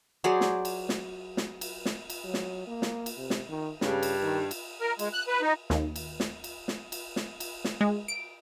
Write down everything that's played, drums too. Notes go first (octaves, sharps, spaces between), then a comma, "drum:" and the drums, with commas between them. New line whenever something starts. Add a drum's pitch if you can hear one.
F#3 G#4 C5 D5
drum: snare
drum: cymbal
drum: snare
drum: snare
drum: cymbal
drum: snare
drum: cymbal
F#3
drum: snare
A#3
drum: snare
drum: cymbal
C3
drum: snare
D#3
G2 C#3, drum: snare
drum: cymbal
D#3
drum: cymbal
A#4
G#3, drum: cymbal
F#6
B4
D#4
D#2, drum: snare
drum: cymbal
drum: snare
drum: cymbal
drum: snare
drum: cymbal
drum: snare
drum: cymbal
drum: snare
G#3
D7